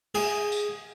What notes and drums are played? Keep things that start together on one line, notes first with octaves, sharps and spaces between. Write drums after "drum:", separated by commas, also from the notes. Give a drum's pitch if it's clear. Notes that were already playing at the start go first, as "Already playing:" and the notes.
G#4, drum: cymbal
drum: tambourine